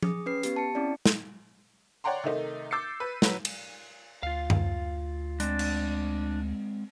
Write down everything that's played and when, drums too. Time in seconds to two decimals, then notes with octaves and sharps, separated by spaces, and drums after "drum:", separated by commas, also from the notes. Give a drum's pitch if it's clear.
0.03 G#4 D#6, drum: tom F3
0.26 C#4 B4 C7
0.43 B3 G4, drum: hi-hat
0.56 A5 C#7
0.75 C4 C#4 E4 D5
1.06 drum: snare
2.04 C#5 D5 F#5 G5 A#5 C6
2.24 C3 D#3 A3 D#4
2.71 D6 E6 G6 A6 C7 C#7
3.00 B4
3.22 F#3 B4, drum: snare
3.45 drum: cymbal
4.23 D2 F4 F5
4.50 drum: tom F#2
5.40 G#3 C4 D4, drum: hi-hat
5.59 drum: cymbal